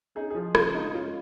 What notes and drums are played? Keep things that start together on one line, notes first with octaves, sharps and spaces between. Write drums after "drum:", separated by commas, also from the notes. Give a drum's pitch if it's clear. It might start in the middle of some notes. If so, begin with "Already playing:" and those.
C#4 D#4 G#4
G#4
F3 F4
C#3 F4, drum: rim click
G#3 D#4
C#4 F4